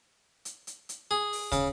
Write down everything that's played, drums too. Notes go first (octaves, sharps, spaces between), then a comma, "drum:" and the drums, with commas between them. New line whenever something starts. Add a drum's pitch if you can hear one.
drum: hi-hat
drum: hi-hat
drum: hi-hat
G#4
drum: open hi-hat
C#3, drum: kick, hi-hat